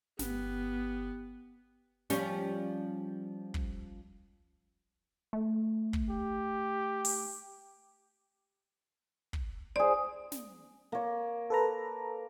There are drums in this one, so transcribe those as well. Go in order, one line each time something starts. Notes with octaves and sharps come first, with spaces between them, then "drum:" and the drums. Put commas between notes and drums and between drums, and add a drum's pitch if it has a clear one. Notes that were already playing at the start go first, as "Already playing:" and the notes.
G1 B3 G4, drum: snare
F3 G3 C#4, drum: snare
drum: kick
A3
drum: kick
G4
drum: open hi-hat
drum: kick
G#4 C5 D5
drum: snare
A#3 C#5
A4 B4 A#5